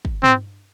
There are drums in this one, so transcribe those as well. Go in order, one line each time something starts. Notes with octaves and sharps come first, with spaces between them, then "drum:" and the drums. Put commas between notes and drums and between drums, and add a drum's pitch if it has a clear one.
drum: kick
C4, drum: tom